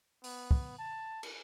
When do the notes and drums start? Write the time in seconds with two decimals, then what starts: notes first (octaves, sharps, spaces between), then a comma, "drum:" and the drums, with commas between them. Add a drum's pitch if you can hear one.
0.24 B3, drum: open hi-hat
0.51 drum: kick
0.78 A5
1.23 drum: cymbal